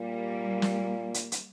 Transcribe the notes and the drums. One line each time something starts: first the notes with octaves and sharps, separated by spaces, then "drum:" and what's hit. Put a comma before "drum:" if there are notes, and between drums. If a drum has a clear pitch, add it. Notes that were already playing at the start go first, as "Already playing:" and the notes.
Already playing: A#2 G3 A#3
drum: snare
drum: hi-hat
drum: hi-hat